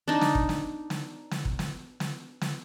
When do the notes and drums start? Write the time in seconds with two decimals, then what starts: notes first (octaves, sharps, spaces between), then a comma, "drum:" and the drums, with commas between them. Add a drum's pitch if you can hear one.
0.08 D4 D#4
0.21 drum: snare
0.35 drum: kick
0.49 drum: snare
0.90 drum: snare
1.31 drum: snare
1.45 drum: kick
1.59 drum: snare
2.00 drum: snare
2.41 drum: snare